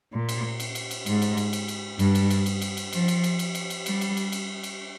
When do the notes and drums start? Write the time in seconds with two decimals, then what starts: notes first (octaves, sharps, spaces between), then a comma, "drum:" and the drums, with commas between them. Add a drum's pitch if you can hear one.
0.13 A#2
0.29 drum: cymbal
0.60 drum: cymbal
0.75 drum: cymbal
0.91 drum: cymbal
1.06 G#2, drum: cymbal
1.22 drum: cymbal
1.37 drum: cymbal
1.53 drum: cymbal
1.68 drum: cymbal
1.99 G2, drum: cymbal
2.15 drum: cymbal
2.30 drum: cymbal
2.46 drum: cymbal
2.62 drum: cymbal
2.77 drum: cymbal
2.93 F3, drum: cymbal
3.08 drum: cymbal
3.24 drum: cymbal
3.39 drum: cymbal
3.55 drum: cymbal
3.70 drum: cymbal
3.86 G3, drum: cymbal
4.01 drum: cymbal
4.17 drum: cymbal
4.32 drum: cymbal
4.63 drum: cymbal